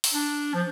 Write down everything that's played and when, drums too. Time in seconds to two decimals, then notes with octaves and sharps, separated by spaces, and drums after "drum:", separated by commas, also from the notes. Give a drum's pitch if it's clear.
0.04 drum: open hi-hat
0.14 D4
0.54 F3